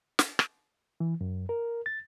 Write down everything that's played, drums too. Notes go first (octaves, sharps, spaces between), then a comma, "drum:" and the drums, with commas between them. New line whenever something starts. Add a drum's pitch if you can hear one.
drum: snare
drum: rim click
E3
F#2
A#4
A6